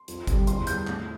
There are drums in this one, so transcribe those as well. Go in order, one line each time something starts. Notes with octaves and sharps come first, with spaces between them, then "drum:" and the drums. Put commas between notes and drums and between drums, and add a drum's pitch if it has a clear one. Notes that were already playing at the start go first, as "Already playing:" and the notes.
Already playing: C6
F2, drum: hi-hat
D3 G3, drum: kick G1, hi-hat
E2 C6, drum: hi-hat
E3 G3 G6, drum: hi-hat
A2, drum: clap